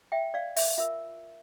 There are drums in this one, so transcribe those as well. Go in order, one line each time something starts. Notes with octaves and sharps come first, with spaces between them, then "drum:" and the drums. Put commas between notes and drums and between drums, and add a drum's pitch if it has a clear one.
E5 G5
D5 F5
E5, drum: open hi-hat
F4 A#4 E5